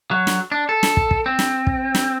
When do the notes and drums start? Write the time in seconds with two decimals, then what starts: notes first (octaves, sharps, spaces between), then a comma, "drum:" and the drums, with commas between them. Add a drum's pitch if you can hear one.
0.11 F#3
0.27 drum: snare
0.52 D4
0.69 A4
0.83 drum: snare
0.97 drum: kick
1.11 drum: kick
1.26 C4
1.39 drum: snare
1.67 drum: kick
1.95 drum: snare